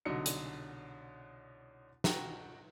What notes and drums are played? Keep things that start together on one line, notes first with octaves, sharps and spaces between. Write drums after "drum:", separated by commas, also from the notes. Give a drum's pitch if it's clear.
C2 B2 D3 F#3 D#4 C#7
drum: hi-hat
F#4 G5 A#5, drum: snare